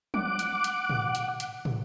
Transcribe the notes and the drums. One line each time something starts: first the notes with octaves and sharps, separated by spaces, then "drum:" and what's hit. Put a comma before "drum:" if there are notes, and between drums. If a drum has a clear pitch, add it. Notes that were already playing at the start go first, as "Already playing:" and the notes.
F#5 D6, drum: tom
drum: hi-hat
drum: hi-hat
drum: tom
drum: hi-hat
drum: hi-hat
drum: tom